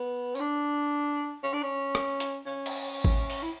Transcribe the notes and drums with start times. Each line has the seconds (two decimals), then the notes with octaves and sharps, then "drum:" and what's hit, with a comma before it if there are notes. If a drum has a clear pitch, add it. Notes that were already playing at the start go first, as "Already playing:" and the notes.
Already playing: B3
0.35 C#4, drum: tambourine
0.40 D4
1.44 C#4
1.53 D4
1.63 C#4
1.95 drum: rim click
2.20 drum: hi-hat
2.47 C#4
2.66 drum: cymbal
3.04 drum: kick G#1
3.30 drum: open hi-hat
3.43 E4